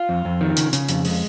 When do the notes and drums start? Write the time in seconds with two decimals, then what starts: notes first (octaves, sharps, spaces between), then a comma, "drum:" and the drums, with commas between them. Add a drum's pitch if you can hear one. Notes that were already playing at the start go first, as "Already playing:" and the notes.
Already playing: F4
0.09 F2
0.25 F2
0.41 D#3
0.57 C#3, drum: hi-hat
0.73 C#3, drum: hi-hat
0.89 F2, drum: hi-hat
1.05 G#3, drum: open hi-hat